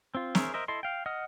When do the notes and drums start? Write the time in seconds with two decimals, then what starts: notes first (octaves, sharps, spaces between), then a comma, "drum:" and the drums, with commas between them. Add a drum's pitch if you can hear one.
0.15 C4 F4
0.35 G#4 A#4 C5 C#5 E5, drum: snare
0.54 A#4 C5 D#5 E5
0.68 E4 A4 D#5 C6
0.83 F5 G5
1.06 D#5 F#5 D#6 F6